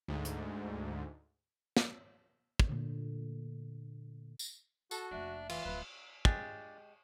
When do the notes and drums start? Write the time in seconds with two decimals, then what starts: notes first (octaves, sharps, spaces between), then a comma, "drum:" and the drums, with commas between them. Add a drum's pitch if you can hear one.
0.08 D2 G#2
0.25 drum: hi-hat
1.77 drum: snare
2.60 drum: kick
2.69 A#2 D3
4.39 drum: tambourine
4.91 F#4 A4 A5, drum: tambourine
5.11 F1 A#3 D4 E5
5.49 E3 F4, drum: cymbal
5.65 D1 G3 B4
6.25 G#3 D4 F4 G4, drum: kick